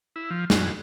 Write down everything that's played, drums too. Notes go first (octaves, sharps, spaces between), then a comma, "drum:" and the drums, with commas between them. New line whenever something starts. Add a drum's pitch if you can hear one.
E4
F3
F#2, drum: snare